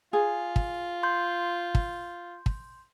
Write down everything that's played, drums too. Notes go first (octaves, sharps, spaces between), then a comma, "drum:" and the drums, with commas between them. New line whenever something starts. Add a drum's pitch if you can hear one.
F4 G#4
drum: kick
C6 G6
drum: kick
drum: kick